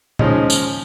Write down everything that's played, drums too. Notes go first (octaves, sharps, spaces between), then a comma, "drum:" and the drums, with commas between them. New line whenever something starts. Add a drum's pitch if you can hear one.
D#2 C#3 F3 G#3 C#4 D#4 D#5, drum: tom A#2
drum: tambourine